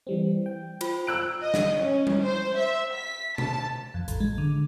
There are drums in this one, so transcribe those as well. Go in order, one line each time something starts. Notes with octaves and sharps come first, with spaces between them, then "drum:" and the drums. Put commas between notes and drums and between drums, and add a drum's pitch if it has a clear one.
E3 G3 C4
G5
F4 C5 B5, drum: cymbal
A#5 E6 F#6 D7
D#5
drum: snare
C#4
drum: tom G3
C5
E5
B6
A5, drum: tom
F2
A1, drum: hi-hat
G#3
D3